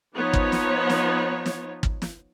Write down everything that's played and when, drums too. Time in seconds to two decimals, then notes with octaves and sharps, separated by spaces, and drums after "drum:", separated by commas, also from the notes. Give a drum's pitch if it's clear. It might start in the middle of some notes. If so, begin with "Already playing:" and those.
0.15 F3 B3 D#4 C#5
0.33 drum: kick
0.52 drum: snare
0.90 drum: snare
1.46 drum: snare
1.83 drum: kick
2.02 drum: snare